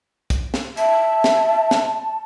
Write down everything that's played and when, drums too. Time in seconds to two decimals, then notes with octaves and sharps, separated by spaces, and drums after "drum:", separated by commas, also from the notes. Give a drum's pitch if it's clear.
0.30 drum: kick, hi-hat
0.54 drum: snare
0.77 E5 A5, drum: hi-hat
1.24 drum: snare
1.71 drum: snare